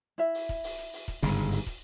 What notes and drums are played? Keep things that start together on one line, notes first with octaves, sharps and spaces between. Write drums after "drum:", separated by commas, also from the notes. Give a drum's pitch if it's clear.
E4 E5
drum: open hi-hat
drum: kick, hi-hat
drum: open hi-hat
drum: hi-hat
drum: open hi-hat
drum: kick, hi-hat
G1 G#2 C#3, drum: open hi-hat
drum: hi-hat
drum: open hi-hat
drum: kick, hi-hat